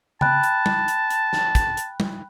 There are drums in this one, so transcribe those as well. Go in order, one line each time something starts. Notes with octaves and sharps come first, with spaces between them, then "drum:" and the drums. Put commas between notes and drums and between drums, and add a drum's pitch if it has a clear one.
G5 A5 B5 F#6, drum: tom C#3
drum: hi-hat
drum: tom
drum: hi-hat
drum: hi-hat
drum: snare
drum: kick, hi-hat
drum: hi-hat
drum: tom